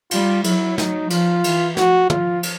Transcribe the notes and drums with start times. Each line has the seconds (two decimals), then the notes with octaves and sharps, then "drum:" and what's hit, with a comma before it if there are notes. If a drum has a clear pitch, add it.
0.11 G3 F4, drum: cymbal
0.44 F#3 E4, drum: cymbal
0.78 D#4, drum: snare
1.10 F3 F4, drum: cymbal
1.44 E3, drum: cymbal
1.77 F3 F#4, drum: snare
2.10 F3 F4, drum: tom
2.43 drum: cymbal